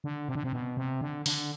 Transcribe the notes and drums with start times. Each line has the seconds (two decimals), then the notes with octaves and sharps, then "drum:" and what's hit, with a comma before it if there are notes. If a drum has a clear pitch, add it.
0.04 D3
0.28 C3
0.35 D3
0.44 C3
0.53 B2
0.77 C3
1.01 D3
1.26 D3, drum: open hi-hat